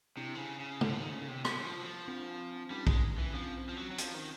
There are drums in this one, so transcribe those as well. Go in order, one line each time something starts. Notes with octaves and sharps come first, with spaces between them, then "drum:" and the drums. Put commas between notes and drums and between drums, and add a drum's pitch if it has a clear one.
C3 D4 E4
D3
C#3
C#3
D3, drum: tom
D#3
C#3
C3
B2, drum: rim click
F3
F#3
F3
C4 D4
G3 C#4 D#4
G#3, drum: kick A#1
E3
F3 C4 D4
F3
F#3
F#3
F3, drum: hi-hat
D#3